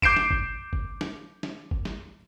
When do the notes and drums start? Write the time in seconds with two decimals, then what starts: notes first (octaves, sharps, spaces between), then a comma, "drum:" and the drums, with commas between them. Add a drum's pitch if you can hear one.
0.02 D6 G6 C7 D7 E7, drum: kick G1
0.16 drum: snare
0.31 drum: kick G1
0.73 drum: kick G1
1.01 drum: snare
1.43 drum: snare
1.71 drum: kick G1
1.85 drum: snare